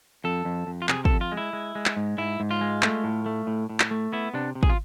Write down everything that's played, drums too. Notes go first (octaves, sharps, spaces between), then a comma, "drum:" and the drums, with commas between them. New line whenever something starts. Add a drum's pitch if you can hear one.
F2 A4
F2
F2
F4
C3 G#4, drum: clap
F2 A4, drum: kick
F4
G#3
E4
G#3
G#3
drum: clap
G#2
G#2 E4
G#2
F4
G#3
A3, drum: clap
A2
A3
A2
A2
drum: clap
A3
B3 E4
C3 D4
C3
G#4, drum: kick
F4